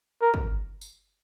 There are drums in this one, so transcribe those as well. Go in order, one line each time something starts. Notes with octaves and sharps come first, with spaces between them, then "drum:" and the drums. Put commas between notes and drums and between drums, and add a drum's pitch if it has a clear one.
A#4
drum: kick
drum: tambourine